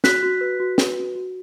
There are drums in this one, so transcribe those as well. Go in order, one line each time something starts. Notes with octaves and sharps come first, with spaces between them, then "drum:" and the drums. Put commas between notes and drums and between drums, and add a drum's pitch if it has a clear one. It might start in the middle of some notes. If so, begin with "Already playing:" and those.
F#4 F#6 B6, drum: snare
F#4
B4
F#4
B4, drum: snare
F#4
F#4